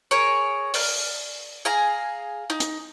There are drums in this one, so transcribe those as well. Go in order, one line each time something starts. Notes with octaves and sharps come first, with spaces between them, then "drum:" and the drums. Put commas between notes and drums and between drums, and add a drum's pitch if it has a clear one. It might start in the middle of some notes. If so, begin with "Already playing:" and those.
G#4 A#4 C#5
D5 F6, drum: open hi-hat
G#4 F5 G#5 A#5
D#4
drum: hi-hat